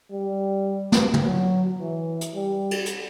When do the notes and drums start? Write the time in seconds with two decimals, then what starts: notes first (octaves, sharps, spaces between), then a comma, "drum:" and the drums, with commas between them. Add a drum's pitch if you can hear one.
0.12 G3
0.92 drum: snare
1.14 drum: tom
1.24 F#3
1.80 E3
2.21 drum: hi-hat
2.35 G3
2.71 drum: cymbal
2.86 drum: hi-hat